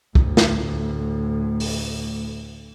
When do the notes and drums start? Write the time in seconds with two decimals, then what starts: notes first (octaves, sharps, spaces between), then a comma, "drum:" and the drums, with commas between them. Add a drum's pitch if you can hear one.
0.15 D2 A2, drum: kick
0.37 drum: snare
1.60 drum: open hi-hat